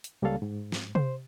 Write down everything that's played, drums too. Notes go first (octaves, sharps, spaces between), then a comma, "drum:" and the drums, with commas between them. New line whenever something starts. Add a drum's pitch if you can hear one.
drum: hi-hat
C#2 G3 A#3 C#4 A4 F5
G#2
drum: snare
C5, drum: tom C3